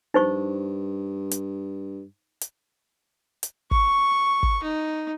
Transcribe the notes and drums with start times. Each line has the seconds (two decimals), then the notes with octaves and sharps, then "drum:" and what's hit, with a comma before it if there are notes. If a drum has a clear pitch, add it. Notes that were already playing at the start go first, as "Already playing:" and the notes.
0.14 G2 D#4 C5 C#6
1.31 drum: hi-hat
2.41 drum: hi-hat
3.43 drum: hi-hat
3.71 C#6, drum: kick
4.43 drum: kick
4.63 D#4